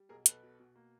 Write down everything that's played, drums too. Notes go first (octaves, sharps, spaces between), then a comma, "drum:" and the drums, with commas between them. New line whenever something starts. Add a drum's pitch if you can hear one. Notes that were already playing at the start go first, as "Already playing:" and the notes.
Already playing: G3
B1 G#4 A#4
B1 A4 B4, drum: hi-hat
B2
B2
A#3